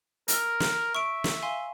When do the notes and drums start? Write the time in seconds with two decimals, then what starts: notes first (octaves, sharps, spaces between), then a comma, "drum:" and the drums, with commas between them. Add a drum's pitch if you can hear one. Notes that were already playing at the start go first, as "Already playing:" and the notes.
0.28 A#4 E6 A#6, drum: hi-hat
0.60 drum: snare
0.95 E5 C#6 D7
1.24 drum: snare
1.42 F5 G#5 C6